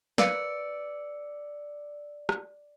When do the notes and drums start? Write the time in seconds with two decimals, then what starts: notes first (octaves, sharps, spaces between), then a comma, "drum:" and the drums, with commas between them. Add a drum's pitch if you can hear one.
0.18 A#4 B4 D5 F5 E6 C#7, drum: snare
2.29 drum: rim click